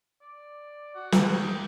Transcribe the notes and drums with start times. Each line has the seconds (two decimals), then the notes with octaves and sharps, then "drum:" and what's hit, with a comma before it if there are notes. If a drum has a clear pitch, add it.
0.21 D5
0.95 F#4
1.12 drum: snare
1.35 A#3 D#4 G5